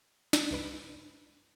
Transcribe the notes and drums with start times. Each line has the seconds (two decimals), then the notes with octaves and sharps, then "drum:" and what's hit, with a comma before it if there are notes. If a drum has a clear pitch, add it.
0.33 drum: snare
0.51 C#2 G2 B4 B5 D7